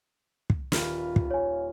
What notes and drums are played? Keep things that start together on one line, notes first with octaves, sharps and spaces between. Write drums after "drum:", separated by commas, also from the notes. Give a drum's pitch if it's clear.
drum: kick
D#1 F4 B4, drum: snare
drum: kick
C#5 G#5